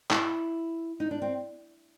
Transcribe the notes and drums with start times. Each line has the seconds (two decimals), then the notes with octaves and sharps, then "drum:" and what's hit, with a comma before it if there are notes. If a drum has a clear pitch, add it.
0.11 E4, drum: clap
1.00 D#4
1.11 D4
1.22 C4